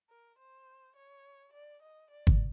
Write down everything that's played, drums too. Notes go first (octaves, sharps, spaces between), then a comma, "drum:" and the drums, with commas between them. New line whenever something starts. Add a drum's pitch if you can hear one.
A#4
C5
C#5
D5
D#5
D5
drum: kick